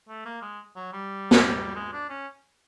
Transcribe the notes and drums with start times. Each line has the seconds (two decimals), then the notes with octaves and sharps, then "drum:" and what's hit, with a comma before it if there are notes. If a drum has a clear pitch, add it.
0.08 A3
0.26 A#3
0.42 G#3
0.76 F#3
0.93 G3
1.31 drum: snare
1.76 G#3
1.93 D4
2.10 C#4